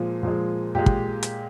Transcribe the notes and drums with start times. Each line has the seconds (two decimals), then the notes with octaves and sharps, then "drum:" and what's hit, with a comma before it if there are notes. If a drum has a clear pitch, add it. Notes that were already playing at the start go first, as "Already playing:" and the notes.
Already playing: A#2 F3 G#3
0.23 A#2 F3 G#3
0.75 A#2 G#3 G4
0.86 drum: kick
1.23 drum: hi-hat